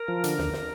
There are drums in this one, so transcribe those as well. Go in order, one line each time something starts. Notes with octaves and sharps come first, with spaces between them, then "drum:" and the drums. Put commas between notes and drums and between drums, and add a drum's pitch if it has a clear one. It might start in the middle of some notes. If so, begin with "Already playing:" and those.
Already playing: A#4
F3
D3, drum: hi-hat
D#2, drum: snare
drum: snare